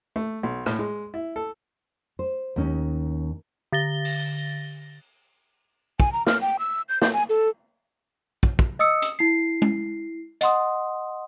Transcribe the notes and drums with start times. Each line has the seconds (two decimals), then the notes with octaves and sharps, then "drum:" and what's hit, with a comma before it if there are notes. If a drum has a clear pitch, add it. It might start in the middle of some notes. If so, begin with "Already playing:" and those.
0.16 A3
0.43 B1
0.66 A2, drum: rim click
0.79 G#3
1.14 E4
1.36 A4
2.19 C5
2.56 D#2 C#4 D#4
3.73 D3 A6 A#6 G7
4.05 drum: open hi-hat
6.00 G#5, drum: kick
6.13 A#5
6.27 F6, drum: snare
6.41 G5
6.59 E6
6.89 G6
7.02 G6, drum: snare
7.13 G#5
7.29 A4
8.43 drum: kick
8.59 drum: kick
8.79 D#5 D#6 E6 C#7
9.02 drum: hi-hat
9.19 E4 C7
9.62 drum: tom G#3
10.41 D#5 F#5 C6 D#6, drum: hi-hat